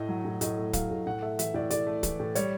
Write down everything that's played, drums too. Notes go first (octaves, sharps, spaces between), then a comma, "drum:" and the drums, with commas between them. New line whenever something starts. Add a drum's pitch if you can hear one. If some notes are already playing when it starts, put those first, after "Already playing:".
Already playing: A2 A3 D#5
F#3
A2
A2 D#5, drum: hi-hat
A3
F#3 F5, drum: kick, hi-hat
A2
A2 F#5
A3 E5
E3 E5, drum: hi-hat
A2 D5
A2 D5, drum: hi-hat
A3
E3, drum: kick, hi-hat
A2
G3 C#5, drum: hi-hat